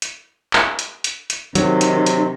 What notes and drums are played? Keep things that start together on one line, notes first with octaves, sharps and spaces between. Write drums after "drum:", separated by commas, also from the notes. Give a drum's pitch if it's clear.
drum: hi-hat
drum: clap
drum: hi-hat
drum: hi-hat
drum: hi-hat
C3 D#3 F#3, drum: hi-hat
drum: hi-hat
drum: hi-hat